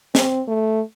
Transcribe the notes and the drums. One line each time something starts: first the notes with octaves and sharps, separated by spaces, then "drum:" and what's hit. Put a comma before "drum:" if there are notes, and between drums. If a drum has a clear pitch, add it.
C4, drum: snare
A3